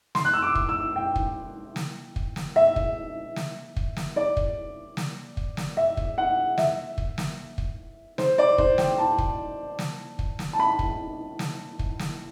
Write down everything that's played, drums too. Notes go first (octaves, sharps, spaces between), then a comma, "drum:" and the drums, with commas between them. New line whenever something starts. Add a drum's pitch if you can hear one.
C6, drum: snare
F#6
E6
D6
drum: kick
E6
G5
drum: kick
drum: snare
drum: kick
drum: snare
E5
drum: kick
drum: snare
drum: kick
drum: snare
D5
drum: kick
drum: snare
drum: kick
drum: snare
E5
drum: kick
F#5
E5, drum: snare
drum: kick
drum: snare
drum: kick
C5, drum: snare
D5
C5, drum: kick
G5, drum: snare
A5
drum: kick
drum: snare
drum: kick
drum: snare
A5
B5
drum: kick
drum: snare
drum: kick
drum: snare